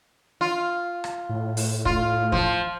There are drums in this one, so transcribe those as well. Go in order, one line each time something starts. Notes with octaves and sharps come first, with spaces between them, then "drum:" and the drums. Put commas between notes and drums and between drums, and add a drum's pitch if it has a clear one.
F4
drum: rim click
A2
drum: open hi-hat
F4, drum: kick
F3, drum: kick